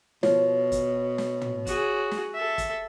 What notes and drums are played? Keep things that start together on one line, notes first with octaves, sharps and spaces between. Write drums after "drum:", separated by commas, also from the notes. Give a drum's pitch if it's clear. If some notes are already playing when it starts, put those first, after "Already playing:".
B2 F3 C#5, drum: snare
drum: kick, hi-hat
drum: snare
drum: tom
F#4 G#4, drum: kick, hi-hat
drum: snare
A4 E5
drum: kick, hi-hat